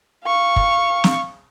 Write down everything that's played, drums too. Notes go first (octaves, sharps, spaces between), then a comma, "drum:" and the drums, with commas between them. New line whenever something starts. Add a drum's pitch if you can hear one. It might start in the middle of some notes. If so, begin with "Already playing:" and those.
F5 C#6
drum: kick
drum: snare